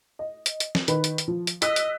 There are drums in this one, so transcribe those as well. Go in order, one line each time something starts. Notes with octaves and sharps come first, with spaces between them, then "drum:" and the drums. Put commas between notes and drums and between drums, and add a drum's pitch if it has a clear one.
D#5
drum: hi-hat
drum: hi-hat
drum: snare
D#3 B4 B5, drum: hi-hat
drum: hi-hat
drum: hi-hat
F3
drum: hi-hat
D#5 E6 F#6 B6, drum: hi-hat
drum: hi-hat